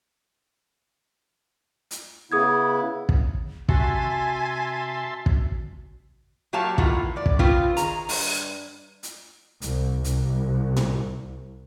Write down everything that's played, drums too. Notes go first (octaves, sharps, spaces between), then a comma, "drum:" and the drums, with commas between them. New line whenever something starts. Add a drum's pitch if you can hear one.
drum: hi-hat
C#3 B3 E4 G#4 D#6 G#6
drum: kick
C3 F#4 E5 G#5 A5 C6, drum: kick
drum: kick
A#2 F#3 A#3 G4 F5 A5
A2 D#3 E3 A#3 F4 F#5, drum: kick
A2 D5
drum: kick
C#3 B3 C4 F4, drum: kick
D#3 G#4 A#5, drum: hi-hat
G2, drum: open hi-hat
drum: hi-hat
C2, drum: hi-hat
C2, drum: hi-hat
drum: tom A2